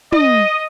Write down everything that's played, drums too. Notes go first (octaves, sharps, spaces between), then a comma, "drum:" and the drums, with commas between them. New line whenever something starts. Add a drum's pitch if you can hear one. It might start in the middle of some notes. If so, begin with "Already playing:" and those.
D#5, drum: tom